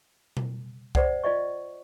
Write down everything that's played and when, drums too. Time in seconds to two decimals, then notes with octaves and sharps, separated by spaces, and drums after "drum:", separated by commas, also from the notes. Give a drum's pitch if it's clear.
0.37 drum: tom B2
0.95 C5 D5 F#5, drum: kick C2
1.24 F4 D5 D#5 C#6